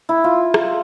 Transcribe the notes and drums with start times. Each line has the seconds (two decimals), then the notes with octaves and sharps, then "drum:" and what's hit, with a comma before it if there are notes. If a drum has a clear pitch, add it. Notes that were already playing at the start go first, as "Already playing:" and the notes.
0.09 E4
0.24 F4
0.54 drum: rim click